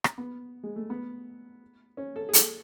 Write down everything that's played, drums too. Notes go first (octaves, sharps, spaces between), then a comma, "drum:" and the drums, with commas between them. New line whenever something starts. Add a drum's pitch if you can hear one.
drum: rim click
B3
G#3
A3
B3
C#4
A4
G#4
A4, drum: hi-hat